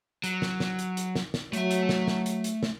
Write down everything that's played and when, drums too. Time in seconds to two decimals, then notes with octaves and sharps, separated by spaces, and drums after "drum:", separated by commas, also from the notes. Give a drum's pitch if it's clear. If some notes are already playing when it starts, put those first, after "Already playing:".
0.24 F#3, drum: hi-hat
0.42 drum: snare
0.60 drum: snare
0.79 drum: hi-hat
0.97 drum: hi-hat
1.15 drum: snare
1.34 drum: snare
1.53 F#3 A3 E5, drum: hi-hat
1.71 drum: hi-hat
1.89 drum: snare
2.07 drum: snare
2.26 drum: hi-hat
2.44 drum: hi-hat
2.63 drum: snare